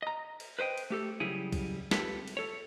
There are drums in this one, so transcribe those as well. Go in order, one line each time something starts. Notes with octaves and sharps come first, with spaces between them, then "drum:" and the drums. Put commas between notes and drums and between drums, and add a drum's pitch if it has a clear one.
D#5 A#5
drum: cymbal
B4 C5 D#5 G5
drum: cymbal
A3 G4 A4
C#3 F#3 G3 E4 G#4
drum: kick, cymbal
C4 F4 G4 A4 B4 C#5, drum: snare
drum: cymbal
A4 C#5